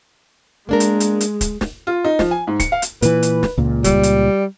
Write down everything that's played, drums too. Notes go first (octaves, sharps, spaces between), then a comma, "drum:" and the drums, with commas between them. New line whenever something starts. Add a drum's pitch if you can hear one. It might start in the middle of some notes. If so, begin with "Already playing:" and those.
G#3 A#3 D4 A#4
drum: hi-hat
drum: hi-hat
drum: hi-hat
drum: kick, hi-hat
drum: snare
F4
D#4
F3, drum: snare
G#5
G#2
C#7, drum: kick, hi-hat
F5
drum: hi-hat
A#2 E3 B4, drum: hi-hat
drum: hi-hat
drum: snare
C#2 A#2
G3, drum: kick, hi-hat
drum: hi-hat